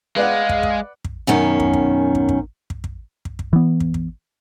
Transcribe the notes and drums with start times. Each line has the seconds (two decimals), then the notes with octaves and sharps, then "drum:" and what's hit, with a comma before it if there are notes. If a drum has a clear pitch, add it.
0.16 G#3 B4 D5 F5 F#5
0.49 drum: kick
0.63 drum: kick
1.05 drum: kick
1.27 F#2 B2 D#3 C#4
1.60 drum: kick
1.74 drum: kick
2.15 drum: kick
2.29 drum: kick
2.70 drum: kick
2.84 drum: kick
3.25 drum: kick
3.39 drum: kick
3.53 E3 B3
3.80 drum: kick
3.94 drum: kick